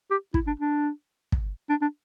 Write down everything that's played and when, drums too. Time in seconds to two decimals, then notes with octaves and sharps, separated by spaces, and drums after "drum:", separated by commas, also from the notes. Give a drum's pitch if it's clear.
0.11 G4
0.34 E4, drum: kick
0.47 D4
0.60 D4
1.32 drum: kick
1.69 D4
1.82 D4